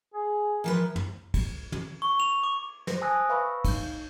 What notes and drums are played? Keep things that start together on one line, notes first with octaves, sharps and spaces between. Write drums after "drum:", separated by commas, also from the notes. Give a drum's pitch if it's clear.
G#4
E3 F3 A#4 B4
drum: tom
drum: kick, cymbal
drum: tom
C#6
F7
D6
C5 A#6, drum: snare
G#5 A5 D#6 E6 F#6 A#6
B4 E5 F5 B5 C#6 E6
D#4 G6, drum: kick, cymbal